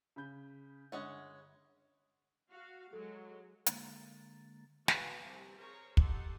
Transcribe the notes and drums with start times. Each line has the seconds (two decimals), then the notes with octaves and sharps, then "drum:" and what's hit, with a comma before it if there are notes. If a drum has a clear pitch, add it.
0.16 C#3 B5 G6
0.92 G1 G#3 C#4 F#5
2.50 F#4 F5
2.93 F#3 G#3 A4
3.66 D3 G#3 A#3 A#5 A6, drum: hi-hat
4.88 B3 F#4 G#4 F5 G#5 A5, drum: snare
5.26 C2 C3 C4
5.57 G#4 A#4 C5 C#5 A#5 C#6
5.97 D#4 G4 A4 F#5 C6, drum: kick